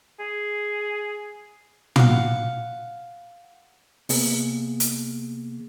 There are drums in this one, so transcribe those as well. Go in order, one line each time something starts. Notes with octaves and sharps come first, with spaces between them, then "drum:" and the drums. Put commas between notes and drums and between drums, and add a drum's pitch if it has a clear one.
G#4
F5 F#5, drum: tom
C3 A#3 B3 G#4, drum: open hi-hat
drum: hi-hat